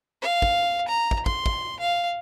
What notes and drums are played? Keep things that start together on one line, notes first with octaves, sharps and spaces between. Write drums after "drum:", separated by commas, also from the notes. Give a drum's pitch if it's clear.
F5
drum: kick
A#5
drum: kick
C6, drum: kick
drum: kick
F5